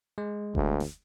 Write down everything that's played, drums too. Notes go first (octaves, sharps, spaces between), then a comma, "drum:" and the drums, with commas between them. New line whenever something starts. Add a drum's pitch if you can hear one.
G#3
D2, drum: kick F1
drum: snare